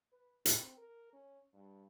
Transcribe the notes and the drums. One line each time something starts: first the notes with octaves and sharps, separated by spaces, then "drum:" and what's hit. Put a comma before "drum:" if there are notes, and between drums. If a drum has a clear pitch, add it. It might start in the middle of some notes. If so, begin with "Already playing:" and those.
B4
C4, drum: hi-hat
A#4
C#4
G2